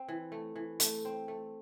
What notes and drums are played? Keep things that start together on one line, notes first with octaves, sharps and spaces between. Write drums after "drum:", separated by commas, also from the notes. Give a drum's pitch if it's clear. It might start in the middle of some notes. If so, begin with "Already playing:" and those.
Already playing: C4
E3
A3
E3
A3, drum: hi-hat
C4
A3